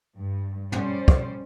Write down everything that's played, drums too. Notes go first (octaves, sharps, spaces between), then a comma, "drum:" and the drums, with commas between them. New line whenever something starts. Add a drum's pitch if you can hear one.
G2
G3 C#4 C5 D5, drum: tom
drum: kick